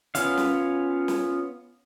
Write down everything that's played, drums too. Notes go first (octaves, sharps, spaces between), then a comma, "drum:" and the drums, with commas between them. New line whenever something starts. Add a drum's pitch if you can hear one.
B3 C#4 F4 F5, drum: hi-hat
drum: snare
drum: snare